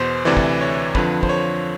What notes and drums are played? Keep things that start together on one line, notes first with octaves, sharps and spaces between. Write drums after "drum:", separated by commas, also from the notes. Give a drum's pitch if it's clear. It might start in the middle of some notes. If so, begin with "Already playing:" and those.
Already playing: E2 B2 B4 C5
D2 C3 E3 D5
drum: kick
C#5
F2 D3 F3 B4, drum: kick
C5, drum: kick
C#5